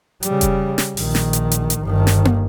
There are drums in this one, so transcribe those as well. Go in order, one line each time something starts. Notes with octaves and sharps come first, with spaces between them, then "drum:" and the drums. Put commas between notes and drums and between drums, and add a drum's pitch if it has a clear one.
C#3 G3, drum: hi-hat
drum: kick F1, hi-hat
drum: snare
A#1 D#3, drum: open hi-hat
drum: snare
drum: hi-hat
drum: hi-hat
drum: hi-hat
G1 D#3
drum: snare
drum: tom A#3